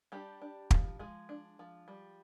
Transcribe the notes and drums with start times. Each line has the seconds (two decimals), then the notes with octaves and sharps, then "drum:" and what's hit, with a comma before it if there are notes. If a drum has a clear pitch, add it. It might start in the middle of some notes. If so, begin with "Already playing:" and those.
0.12 G3 D4 G4
0.42 D4
0.71 F3, drum: kick
0.99 F3 G#3 G#4
1.29 D4
1.59 F3
1.88 G3